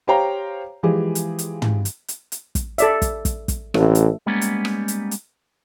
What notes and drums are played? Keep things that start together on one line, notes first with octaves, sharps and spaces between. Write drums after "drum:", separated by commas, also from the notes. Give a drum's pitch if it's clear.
G4 C5 C#5 F5 G5 A#5
E3 F3 G#3 G4 G#4
drum: hi-hat
drum: hi-hat
drum: tom
drum: hi-hat
drum: hi-hat
drum: hi-hat
drum: kick, hi-hat
A4 D5 E5, drum: hi-hat
drum: kick, hi-hat
drum: kick, hi-hat
drum: kick, hi-hat
A1 A3, drum: rim click
drum: hi-hat
G3 G#3 A#3 B3 C#4
drum: hi-hat
drum: rim click
drum: hi-hat
drum: hi-hat